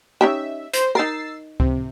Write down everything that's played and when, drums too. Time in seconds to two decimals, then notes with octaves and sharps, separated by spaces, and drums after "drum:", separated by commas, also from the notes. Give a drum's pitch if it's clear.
0.21 C#4 D#4 G4 E5
0.73 C5, drum: hi-hat
0.95 D#4 A#4 E6 A6 C7
1.60 C3, drum: kick C#2